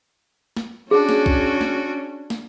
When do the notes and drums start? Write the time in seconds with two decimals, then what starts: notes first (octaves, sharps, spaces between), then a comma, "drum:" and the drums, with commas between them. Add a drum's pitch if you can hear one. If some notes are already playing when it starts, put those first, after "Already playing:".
0.57 drum: snare
0.91 C#4 D4 F#4 G#4
1.09 drum: snare
1.26 drum: kick
1.61 drum: snare
2.30 drum: snare